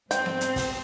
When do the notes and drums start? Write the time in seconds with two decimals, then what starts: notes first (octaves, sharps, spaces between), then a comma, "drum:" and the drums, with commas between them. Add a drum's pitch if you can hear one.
0.11 G#2 C4 C5 G5, drum: hi-hat
0.26 drum: snare B3
0.41 drum: hi-hat
0.56 drum: kick, open hi-hat